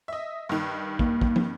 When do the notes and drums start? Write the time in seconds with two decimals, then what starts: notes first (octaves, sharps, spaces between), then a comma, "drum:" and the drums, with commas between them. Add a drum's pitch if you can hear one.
0.08 D#5 E5
0.49 G2 D#3
0.99 A#3, drum: kick
1.21 drum: kick
1.36 drum: tom